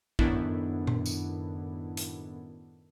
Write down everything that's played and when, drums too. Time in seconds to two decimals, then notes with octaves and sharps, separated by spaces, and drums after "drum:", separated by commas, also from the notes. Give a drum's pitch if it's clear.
0.19 F#2 A2 D#3 B3 D4 E4, drum: kick
0.87 drum: tom A#2
1.06 drum: tambourine
1.97 drum: hi-hat